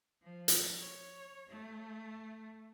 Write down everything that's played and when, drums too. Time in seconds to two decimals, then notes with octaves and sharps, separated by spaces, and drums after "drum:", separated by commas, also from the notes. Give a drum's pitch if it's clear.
0.22 F3
0.48 drum: hi-hat
0.79 C#5
1.48 A3